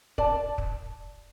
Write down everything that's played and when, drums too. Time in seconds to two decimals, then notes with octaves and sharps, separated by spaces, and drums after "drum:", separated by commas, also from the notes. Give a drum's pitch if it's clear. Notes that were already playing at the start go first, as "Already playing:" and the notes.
0.18 D5 A5, drum: kick
0.58 drum: kick